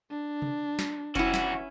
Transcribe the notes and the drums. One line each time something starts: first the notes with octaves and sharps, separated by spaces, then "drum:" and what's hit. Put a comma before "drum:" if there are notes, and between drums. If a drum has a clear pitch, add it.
D4
drum: tom C3
drum: snare
E3 C#4 E4 F#4, drum: kick F1, hi-hat
drum: snare